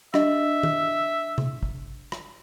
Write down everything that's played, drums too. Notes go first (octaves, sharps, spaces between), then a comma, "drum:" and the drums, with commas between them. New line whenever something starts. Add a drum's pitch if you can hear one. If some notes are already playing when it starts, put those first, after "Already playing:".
D4 G4 D#5 E5, drum: rim click
drum: tom D#3
drum: tom C3
drum: kick
drum: rim click